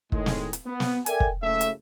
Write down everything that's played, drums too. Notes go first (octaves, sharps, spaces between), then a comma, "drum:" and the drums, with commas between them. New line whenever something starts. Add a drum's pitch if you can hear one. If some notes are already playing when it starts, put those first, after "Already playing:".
A2 D#3 G#3, drum: kick
drum: snare
drum: hi-hat
B3
drum: snare
A4 A#4 D5 E5 G5 G#5, drum: hi-hat
drum: kick
F#1 C#3 A3 E5
drum: hi-hat